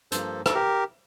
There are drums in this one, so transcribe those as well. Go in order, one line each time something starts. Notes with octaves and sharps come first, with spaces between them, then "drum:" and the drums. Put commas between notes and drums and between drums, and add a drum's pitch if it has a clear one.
G2 F3 A#3 A4 C5, drum: hi-hat
A4, drum: rim click
G4 A#4